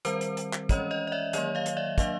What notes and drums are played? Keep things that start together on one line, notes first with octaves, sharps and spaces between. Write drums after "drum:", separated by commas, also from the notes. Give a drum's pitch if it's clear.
D#3 G3 C4 A#4 C5, drum: hi-hat
drum: hi-hat
drum: hi-hat
drum: clap
E3 G#3 C#4 C#5 D#5, drum: kick, hi-hat
C#5 D#5
D#5
D5 E5
D#3 F#3 A#3 C#5 D#5, drum: hi-hat
D#5 F5
drum: hi-hat
D5 E5
F#3 A#3 D4 D#5 F5, drum: kick, hi-hat